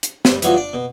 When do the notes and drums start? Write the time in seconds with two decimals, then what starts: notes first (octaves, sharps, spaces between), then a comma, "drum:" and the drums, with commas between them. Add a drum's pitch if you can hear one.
0.03 drum: hi-hat
0.25 G2 G3, drum: snare
0.42 E3 F#3 G3 B3 F4 F#4, drum: hi-hat
0.55 D4 D5
0.73 B2